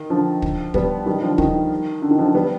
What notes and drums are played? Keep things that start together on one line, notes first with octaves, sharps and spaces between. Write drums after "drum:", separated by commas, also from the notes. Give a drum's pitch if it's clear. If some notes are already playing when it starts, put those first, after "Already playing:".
Already playing: D#3
D3 F3
drum: kick
G3 B3, drum: kick
D#3 G3
D3 F3
D#3, drum: kick
D3
D#3
D3 F3
G3 B3